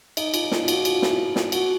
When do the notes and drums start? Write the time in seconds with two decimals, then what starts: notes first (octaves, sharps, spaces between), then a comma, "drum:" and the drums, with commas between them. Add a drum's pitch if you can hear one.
0.17 D#4, drum: cymbal
0.34 F4, drum: cymbal
0.51 F4, drum: snare
0.63 F4
0.68 F#4, drum: cymbal
0.85 F#4, drum: cymbal
0.93 F4
1.02 E4, drum: snare
1.11 F4
1.36 drum: snare
1.52 F#4, drum: cymbal